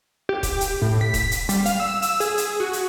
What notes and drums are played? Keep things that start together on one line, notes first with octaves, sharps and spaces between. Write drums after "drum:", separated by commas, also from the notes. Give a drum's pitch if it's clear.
G4
drum: kick D#1, hi-hat
drum: hi-hat
A2
B6
drum: kick D#1, hi-hat
drum: hi-hat
G3, drum: hi-hat
F5, drum: hi-hat
E6
E6, drum: hi-hat
G#4, drum: hi-hat
drum: hi-hat
F#4
drum: hi-hat